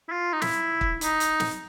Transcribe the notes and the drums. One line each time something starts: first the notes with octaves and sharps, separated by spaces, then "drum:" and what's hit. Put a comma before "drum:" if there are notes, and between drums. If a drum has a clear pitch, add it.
E4
F4
D#4
E4, drum: snare
drum: kick
D#4, drum: hi-hat
drum: hi-hat
drum: snare